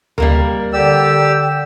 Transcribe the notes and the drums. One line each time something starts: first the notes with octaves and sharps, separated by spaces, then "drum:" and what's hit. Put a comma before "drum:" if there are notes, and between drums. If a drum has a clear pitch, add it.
G3 A#3 A#4, drum: tom D2
D3 G4 D5 E6